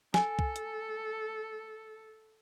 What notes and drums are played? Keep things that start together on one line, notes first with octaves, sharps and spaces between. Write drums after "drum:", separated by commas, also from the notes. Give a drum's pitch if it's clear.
A4 G#5, drum: snare
drum: kick
drum: hi-hat